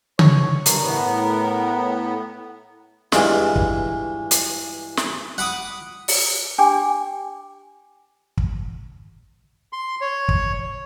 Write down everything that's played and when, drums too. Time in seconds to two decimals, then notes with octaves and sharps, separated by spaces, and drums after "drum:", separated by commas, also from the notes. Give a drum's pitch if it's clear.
0.19 C#5, drum: tom C#3
0.66 G2 A#4, drum: hi-hat
0.82 A2 B3
3.12 G2 E3 G#3 F4, drum: snare
3.56 drum: kick
4.31 drum: hi-hat
4.97 drum: snare
5.38 F#5 B5 D6 D#6
6.08 drum: open hi-hat
6.58 D4 G4 G5 G#5 D6
8.37 drum: kick
9.73 C6
10.01 C#5
10.29 drum: kick